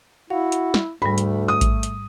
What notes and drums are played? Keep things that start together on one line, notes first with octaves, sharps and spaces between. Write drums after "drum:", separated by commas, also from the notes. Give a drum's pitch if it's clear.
E4 F#4 F5
drum: hi-hat
drum: snare
D2 G#2 G3 A3 B5
drum: hi-hat
D#6
drum: kick A1, hi-hat
drum: hi-hat